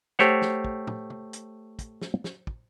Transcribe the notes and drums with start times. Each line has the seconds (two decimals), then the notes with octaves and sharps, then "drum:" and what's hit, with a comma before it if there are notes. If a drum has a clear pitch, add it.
0.19 A3 G4 C5 C#5 F#5, drum: snare
0.42 drum: snare
0.65 drum: kick
0.87 drum: tom
1.10 drum: tom
1.33 drum: hi-hat
1.79 drum: kick, hi-hat
2.02 drum: snare
2.24 drum: snare
2.47 drum: kick